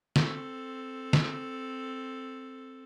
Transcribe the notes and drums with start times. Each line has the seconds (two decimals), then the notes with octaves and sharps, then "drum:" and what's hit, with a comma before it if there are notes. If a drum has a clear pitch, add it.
0.16 C4 A4, drum: snare
1.13 drum: snare